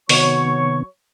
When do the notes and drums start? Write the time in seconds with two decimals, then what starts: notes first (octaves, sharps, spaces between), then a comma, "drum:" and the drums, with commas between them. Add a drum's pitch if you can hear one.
0.09 C3 D#3 F#3 B3 C#5 C#6, drum: open hi-hat